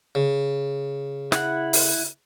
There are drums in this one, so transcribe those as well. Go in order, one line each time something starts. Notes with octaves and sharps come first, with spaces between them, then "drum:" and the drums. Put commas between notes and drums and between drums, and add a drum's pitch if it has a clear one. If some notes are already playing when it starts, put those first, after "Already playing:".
C#3
E4 F#5, drum: snare
drum: open hi-hat